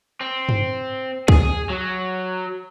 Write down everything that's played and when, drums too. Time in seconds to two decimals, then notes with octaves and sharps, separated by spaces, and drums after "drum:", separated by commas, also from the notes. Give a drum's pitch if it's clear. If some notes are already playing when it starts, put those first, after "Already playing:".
0.21 C4
0.49 drum: tom G2
1.28 G#4, drum: kick C#2
1.69 F#3